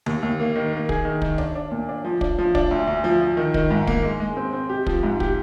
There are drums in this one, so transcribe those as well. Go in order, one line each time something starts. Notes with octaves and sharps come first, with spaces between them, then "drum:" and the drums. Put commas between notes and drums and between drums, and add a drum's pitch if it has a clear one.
D#2, drum: tom D3
D#2
A#3
D#3
A#3
G#4, drum: kick
D#3
D#3, drum: kick
D4, drum: tom C#2
D4
A#2
D4
F3
D4, drum: kick
F3
D4, drum: kick
D2
D2
F3
F3
D#3
D#3, drum: kick
G#2
A#3, drum: kick
G#3
G#3
C4
C4
G4
F3, drum: kick
G#2
G4, drum: kick